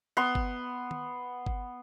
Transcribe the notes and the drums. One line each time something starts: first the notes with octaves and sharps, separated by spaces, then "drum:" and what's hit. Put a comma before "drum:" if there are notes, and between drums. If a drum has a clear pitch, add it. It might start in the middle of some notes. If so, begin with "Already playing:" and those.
B3 C6
drum: kick G1
drum: tom
drum: kick G1